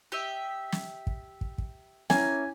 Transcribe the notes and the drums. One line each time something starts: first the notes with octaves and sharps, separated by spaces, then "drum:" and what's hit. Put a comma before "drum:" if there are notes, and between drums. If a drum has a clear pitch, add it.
G4 D#5 E5
drum: snare
drum: kick
drum: kick
drum: kick
A#3 C#4 E4 G#5, drum: snare